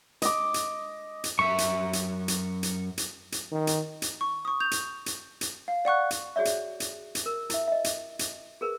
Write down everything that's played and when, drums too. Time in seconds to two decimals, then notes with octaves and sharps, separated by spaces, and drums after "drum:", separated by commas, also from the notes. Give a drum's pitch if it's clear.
0.22 D#5 D6, drum: hi-hat
0.54 drum: hi-hat
1.24 drum: hi-hat
1.39 F#2 E5 C#6
1.58 drum: hi-hat
1.93 drum: hi-hat
2.28 drum: hi-hat
2.63 drum: hi-hat
2.98 drum: hi-hat
3.32 drum: hi-hat
3.51 D#3
3.67 drum: hi-hat
4.02 drum: hi-hat
4.21 C#6
4.45 C#6 D#6
4.60 G6 F7
4.71 drum: hi-hat
5.06 drum: hi-hat
5.41 drum: hi-hat
5.68 F5
5.85 D5 F#5 C#6 F#6
6.11 drum: hi-hat
6.36 F#4 G#4 C#5 D5 E5
6.45 drum: hi-hat
6.80 drum: hi-hat
7.15 drum: hi-hat
7.26 A#4
7.50 E4 E5, drum: hi-hat
7.67 D#5 E5
7.84 drum: hi-hat
8.19 drum: hi-hat
8.61 G#4 A#4 B4